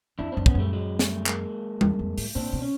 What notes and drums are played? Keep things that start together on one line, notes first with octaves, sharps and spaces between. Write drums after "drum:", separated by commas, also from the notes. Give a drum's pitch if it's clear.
F2 D4 E4
F#2 C4 D4
B3 C#4, drum: kick
F#2 G3 A3
F#3 G#3
G3 A3, drum: snare
G#3 A#3, drum: clap
E2, drum: tom G3
F2
A2, drum: open hi-hat
A#2 C4 D4
B2
C#4